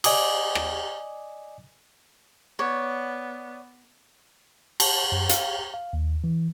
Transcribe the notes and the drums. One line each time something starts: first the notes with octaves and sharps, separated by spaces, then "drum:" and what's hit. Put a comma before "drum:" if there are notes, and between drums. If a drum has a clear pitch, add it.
D5 D#5 G#5 D6 D#6, drum: cymbal
drum: rim click
B3 C#5 D5
A5, drum: cymbal
F#2
F5, drum: hi-hat
F5
D#2
E3